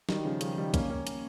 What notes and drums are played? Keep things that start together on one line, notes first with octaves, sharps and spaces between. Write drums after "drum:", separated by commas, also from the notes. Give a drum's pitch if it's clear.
D#3 G3, drum: snare
C#3 F3
C#3 F3, drum: hi-hat
D#3 G3
A#3 C#4, drum: kick, hi-hat
A#3 C#4
drum: hi-hat